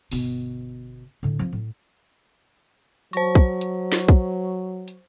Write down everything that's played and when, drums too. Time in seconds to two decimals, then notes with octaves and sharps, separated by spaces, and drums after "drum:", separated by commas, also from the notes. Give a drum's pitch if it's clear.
0.11 G1 B2, drum: open hi-hat
1.23 A2 D3
1.39 F3 C4
1.53 A2
3.13 F#3 C5 C#6, drum: hi-hat
3.35 drum: kick
3.61 drum: hi-hat
3.92 drum: snare
4.09 drum: kick
4.88 drum: hi-hat